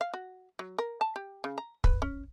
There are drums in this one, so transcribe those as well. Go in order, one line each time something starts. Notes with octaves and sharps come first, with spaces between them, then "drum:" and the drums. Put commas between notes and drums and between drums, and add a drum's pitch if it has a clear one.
F5
F#4
F#3
A#4
A5
G4
C#3
A#5
B4, drum: kick
C#4